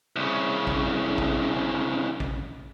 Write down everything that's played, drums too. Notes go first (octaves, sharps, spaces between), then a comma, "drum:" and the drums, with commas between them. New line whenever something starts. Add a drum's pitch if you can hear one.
C2 C#3
drum: kick A1
drum: kick A1
drum: kick A1